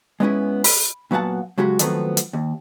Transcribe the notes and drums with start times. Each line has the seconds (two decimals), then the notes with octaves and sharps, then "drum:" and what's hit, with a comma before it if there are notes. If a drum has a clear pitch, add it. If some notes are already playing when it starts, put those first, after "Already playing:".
0.20 G#3 B3 C#4 E4
0.64 B5, drum: open hi-hat
1.11 A#2 F#3 B3 F5 F#5 A5
1.58 C#3 F#3 G#3 F#4 G4
1.79 D#3 F3 F#3 A3 B3 C4, drum: hi-hat
2.17 drum: hi-hat
2.33 D#2